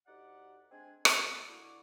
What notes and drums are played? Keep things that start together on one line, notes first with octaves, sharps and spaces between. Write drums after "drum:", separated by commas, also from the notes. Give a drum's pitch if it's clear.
D2 D#4 G4 D5 F#5
G#3 C4 D4 G#5
D4 E4 F#4 A4, drum: rim click
C#2 D3 E4 C#6 D6